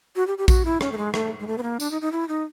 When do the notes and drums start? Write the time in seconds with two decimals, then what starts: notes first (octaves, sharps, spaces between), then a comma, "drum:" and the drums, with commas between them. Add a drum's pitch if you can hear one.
0.16 F#4
0.27 G4
0.38 G4
0.48 F#4, drum: kick A#1, tambourine
0.65 E4
0.81 C#4, drum: rim click
0.92 A3
0.97 G#3
1.14 A3, drum: rim click
1.40 G#3
1.47 A3
1.58 B3
1.63 A#3
1.80 D4, drum: tambourine
1.91 D#4
2.02 D#4
2.12 E4
2.28 D#4